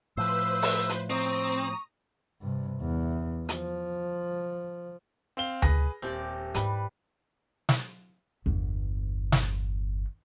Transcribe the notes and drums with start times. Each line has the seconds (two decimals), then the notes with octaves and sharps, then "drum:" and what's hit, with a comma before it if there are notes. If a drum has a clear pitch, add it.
0.17 A2 F3 B4 C5 E6
0.62 drum: open hi-hat
0.89 drum: hi-hat
1.10 C4 A#5 C#6 D#6
2.42 G2 C3
2.81 E2
3.49 F3, drum: hi-hat
5.37 C4 F5 G7
5.62 G#4 B4 A#6, drum: tom D2
6.02 D#1 C4 G4 D5
6.54 G#2 G3 E4 B4, drum: hi-hat
7.69 drum: snare
8.46 G1 E2
9.32 drum: snare